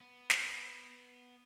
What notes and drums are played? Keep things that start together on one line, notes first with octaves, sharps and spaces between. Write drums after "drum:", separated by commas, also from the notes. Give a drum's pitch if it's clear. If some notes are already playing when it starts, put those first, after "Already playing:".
B3
drum: snare